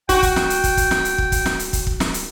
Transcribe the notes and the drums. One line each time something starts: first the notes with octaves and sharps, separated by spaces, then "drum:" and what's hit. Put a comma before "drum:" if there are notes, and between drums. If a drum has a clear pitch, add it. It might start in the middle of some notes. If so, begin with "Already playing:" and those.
F#4 G5, drum: kick, hi-hat
drum: kick, hi-hat
drum: snare
drum: hi-hat
drum: kick, hi-hat
drum: kick, hi-hat
drum: snare
drum: hi-hat
drum: kick
drum: kick, hi-hat
drum: snare
drum: hi-hat
drum: kick, hi-hat
drum: kick
drum: snare
drum: hi-hat